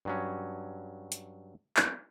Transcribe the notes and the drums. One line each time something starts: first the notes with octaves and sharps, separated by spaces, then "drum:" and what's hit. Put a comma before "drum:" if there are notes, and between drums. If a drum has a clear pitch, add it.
G2 F#3 C#4
drum: hi-hat
drum: clap